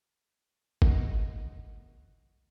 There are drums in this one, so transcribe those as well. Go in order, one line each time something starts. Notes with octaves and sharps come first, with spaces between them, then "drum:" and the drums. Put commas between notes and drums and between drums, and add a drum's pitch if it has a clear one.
F#4 D#5, drum: kick G1